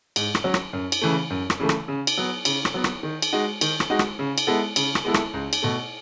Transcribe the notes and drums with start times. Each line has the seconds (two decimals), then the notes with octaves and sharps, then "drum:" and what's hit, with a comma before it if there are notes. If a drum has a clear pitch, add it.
0.16 G#2, drum: cymbal
0.35 drum: rim click
0.44 F#3 C#4
0.54 drum: rim click
0.73 F#2
0.92 drum: cymbal
1.02 C#3 E3 A3
1.30 F#2
1.50 drum: rim click
1.60 C#3 E3 A3
1.69 drum: rim click
1.88 C#3
2.07 drum: cymbal
2.18 F#3 B3
2.45 C#3, drum: cymbal
2.65 drum: rim click
2.74 F#3 B3
2.84 drum: rim click
3.03 D#3
3.22 drum: cymbal
3.33 G#3 D#4 F#4
3.61 D#3, drum: cymbal
3.80 drum: rim click
3.90 G#3 D#4 F#4
3.99 drum: rim click
4.19 C#3
4.38 drum: cymbal
4.47 G#3 B3 E4 A4
4.76 C#3, drum: cymbal
4.95 drum: rim click
5.05 G#3 B3 E4 A4
5.14 drum: rim click
5.34 C#2
5.53 drum: cymbal
5.62 B2 A3